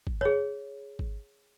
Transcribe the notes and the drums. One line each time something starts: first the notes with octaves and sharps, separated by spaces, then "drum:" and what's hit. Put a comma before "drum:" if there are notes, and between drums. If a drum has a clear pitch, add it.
drum: kick G#1
G#4 C#5, drum: tom
drum: kick G#1